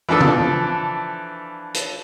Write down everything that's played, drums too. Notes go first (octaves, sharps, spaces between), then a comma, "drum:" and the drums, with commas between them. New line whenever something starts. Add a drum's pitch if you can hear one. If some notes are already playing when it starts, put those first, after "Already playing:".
E3 F3 D4 A4 E6
drum: tom
drum: hi-hat